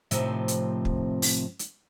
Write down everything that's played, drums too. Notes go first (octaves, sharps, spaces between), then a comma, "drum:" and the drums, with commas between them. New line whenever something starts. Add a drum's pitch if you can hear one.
A2 C3 D#3 F3 C4, drum: hi-hat
drum: hi-hat
drum: kick
drum: open hi-hat
drum: hi-hat